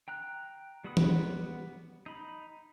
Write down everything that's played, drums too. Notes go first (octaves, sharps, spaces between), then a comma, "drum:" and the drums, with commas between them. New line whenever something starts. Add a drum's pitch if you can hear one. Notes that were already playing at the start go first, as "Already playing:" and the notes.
G5 A#5 F#6
G3 B3 F#4 B5 D#6
drum: tom
D#4 B5